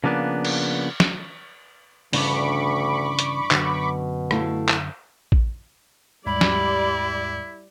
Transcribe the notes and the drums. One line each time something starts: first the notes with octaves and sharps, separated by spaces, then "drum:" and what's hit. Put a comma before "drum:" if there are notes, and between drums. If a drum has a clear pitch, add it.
C#3 F3 A#3 B3 D4
drum: cymbal
drum: snare
D2 G2 C#3 E3 D4 B5 C#6 D6, drum: open hi-hat
drum: hi-hat
F#2 B2 D3, drum: clap
A3 E4 F5, drum: rim click
drum: clap
drum: kick A1
D#2 G#2 G3 G#3 E4 D5 B5
drum: snare